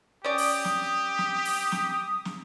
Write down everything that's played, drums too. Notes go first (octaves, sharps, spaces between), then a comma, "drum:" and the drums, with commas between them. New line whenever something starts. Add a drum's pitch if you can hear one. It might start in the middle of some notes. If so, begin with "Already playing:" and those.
C#4 G4 D5 D#6
drum: open hi-hat
drum: snare
drum: snare
drum: open hi-hat
drum: snare
drum: snare